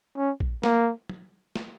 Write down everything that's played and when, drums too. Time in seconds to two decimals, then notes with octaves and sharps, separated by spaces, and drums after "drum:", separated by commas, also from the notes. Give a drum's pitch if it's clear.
0.17 C#4
0.40 drum: kick
0.64 A#3, drum: snare
1.09 drum: tom
1.56 drum: snare